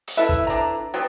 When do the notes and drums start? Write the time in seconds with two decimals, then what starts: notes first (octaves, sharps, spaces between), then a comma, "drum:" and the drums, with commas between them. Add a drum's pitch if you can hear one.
0.07 drum: hi-hat
0.17 E4 A4 B4 E5
0.29 drum: kick
0.47 D4 A#5
0.94 F#3 G3 B3